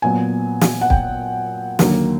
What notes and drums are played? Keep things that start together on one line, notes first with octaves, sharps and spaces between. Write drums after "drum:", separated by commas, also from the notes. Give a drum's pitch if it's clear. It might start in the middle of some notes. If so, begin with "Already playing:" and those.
A#2 F#3 B3 G#5
drum: snare
F#5
G5, drum: kick
D#2 D3 F#3 A#3, drum: snare